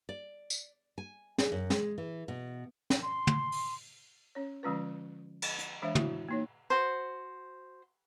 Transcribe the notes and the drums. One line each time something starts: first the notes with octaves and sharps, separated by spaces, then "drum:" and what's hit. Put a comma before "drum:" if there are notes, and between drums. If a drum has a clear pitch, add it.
D5
drum: tambourine
G#5
G#4, drum: snare
F#2
G#3, drum: snare
E3
B2
drum: snare
C6
drum: tom
drum: open hi-hat
C#4 C#5
D3 F3 G#3 C#4 F4 B4
drum: cymbal
drum: hi-hat
E3 G#3 D4 C5 E5
E4 F#4, drum: tom
A#3 D#4 C#5
F#4 C5